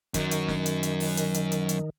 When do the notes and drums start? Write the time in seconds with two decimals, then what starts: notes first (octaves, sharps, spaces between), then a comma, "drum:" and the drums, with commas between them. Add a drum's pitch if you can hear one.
0.14 F#2 D#3 F#3, drum: kick, hi-hat
0.31 drum: hi-hat
0.48 drum: snare
0.66 drum: hi-hat
0.83 drum: hi-hat
1.00 drum: open hi-hat
1.17 drum: hi-hat
1.34 drum: hi-hat
1.52 drum: hi-hat
1.69 drum: hi-hat